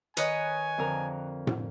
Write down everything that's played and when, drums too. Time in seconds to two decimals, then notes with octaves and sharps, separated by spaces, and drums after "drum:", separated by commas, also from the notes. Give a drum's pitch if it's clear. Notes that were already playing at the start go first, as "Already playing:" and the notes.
0.17 D#3 B4 C#5 D#5 G#5, drum: hi-hat
0.78 F2 D3 A#4
1.47 drum: tom A2